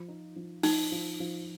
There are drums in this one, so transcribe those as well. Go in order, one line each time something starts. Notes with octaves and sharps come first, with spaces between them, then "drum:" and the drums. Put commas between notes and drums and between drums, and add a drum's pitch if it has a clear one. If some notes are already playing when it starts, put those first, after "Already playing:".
Already playing: F3
D#4
F3
F3 D#4, drum: open hi-hat
F3
F3